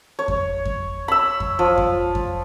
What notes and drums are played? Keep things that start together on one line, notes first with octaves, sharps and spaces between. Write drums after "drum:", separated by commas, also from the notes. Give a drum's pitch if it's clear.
C#5
drum: kick F2
drum: kick F2
B5 E6
drum: kick F2
F3
drum: kick F2
drum: kick F2